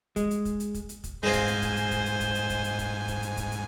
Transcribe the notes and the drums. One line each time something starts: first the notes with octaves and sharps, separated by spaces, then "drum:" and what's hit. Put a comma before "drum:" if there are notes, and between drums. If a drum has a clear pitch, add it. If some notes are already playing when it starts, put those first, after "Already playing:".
G#3, drum: kick, hi-hat
drum: hi-hat
drum: kick, hi-hat
drum: hi-hat
drum: kick, hi-hat
drum: hi-hat
drum: kick, hi-hat
G#2 G#3 C4 F4 C5 G#5
drum: kick, hi-hat
drum: hi-hat
drum: kick, hi-hat
drum: hi-hat
drum: kick, hi-hat
drum: hi-hat
drum: kick, hi-hat
drum: hi-hat
drum: kick, hi-hat
drum: hi-hat
drum: kick, hi-hat
drum: kick, hi-hat
drum: hi-hat
drum: kick, hi-hat
drum: hi-hat